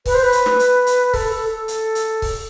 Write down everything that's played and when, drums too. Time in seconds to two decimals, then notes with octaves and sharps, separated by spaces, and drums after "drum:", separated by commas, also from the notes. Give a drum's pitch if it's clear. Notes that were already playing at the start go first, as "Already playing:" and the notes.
0.06 B4, drum: kick C#1, open hi-hat
0.14 C5
0.23 B4
0.32 drum: hi-hat
0.46 drum: snare
0.59 drum: hi-hat
0.87 drum: hi-hat
1.14 A4, drum: kick C#1, open hi-hat
1.32 A4
1.49 A4
1.68 drum: hi-hat
1.95 drum: hi-hat
2.22 drum: kick C#1, open hi-hat